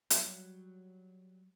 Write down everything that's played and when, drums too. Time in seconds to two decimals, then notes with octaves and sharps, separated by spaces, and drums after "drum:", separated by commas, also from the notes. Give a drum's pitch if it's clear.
0.10 F#3 G3, drum: hi-hat